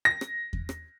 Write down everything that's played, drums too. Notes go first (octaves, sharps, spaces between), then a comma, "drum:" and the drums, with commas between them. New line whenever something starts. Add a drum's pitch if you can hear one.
A#6
drum: rim click
drum: kick E2
drum: rim click